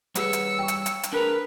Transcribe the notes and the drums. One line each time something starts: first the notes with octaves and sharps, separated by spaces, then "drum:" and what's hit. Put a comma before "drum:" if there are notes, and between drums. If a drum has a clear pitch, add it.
G3 G#4 B4 C#5 F#5 E6 C#7, drum: hi-hat
drum: hi-hat
G5 C#6
drum: hi-hat
drum: hi-hat
drum: hi-hat
D4 G#4 A#4 B4 A#5